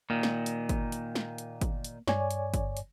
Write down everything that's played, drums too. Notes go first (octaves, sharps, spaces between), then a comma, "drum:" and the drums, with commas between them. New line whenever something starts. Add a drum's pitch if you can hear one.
A#2 D#3 A#3
drum: snare
drum: hi-hat
drum: kick, hi-hat
drum: hi-hat
drum: snare
drum: hi-hat
drum: kick, hi-hat
drum: hi-hat
G2 C#5 D5 G#5, drum: snare
drum: hi-hat
drum: kick, hi-hat
drum: hi-hat